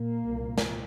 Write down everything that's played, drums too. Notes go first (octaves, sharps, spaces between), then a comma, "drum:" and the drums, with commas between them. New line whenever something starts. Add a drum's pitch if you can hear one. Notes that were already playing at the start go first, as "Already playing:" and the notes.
Already playing: A#2 A#3
C2 A#2
drum: snare